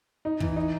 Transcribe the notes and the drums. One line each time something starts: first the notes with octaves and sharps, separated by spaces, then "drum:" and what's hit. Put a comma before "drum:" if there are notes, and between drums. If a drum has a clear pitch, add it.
D#4
E3, drum: kick
D#4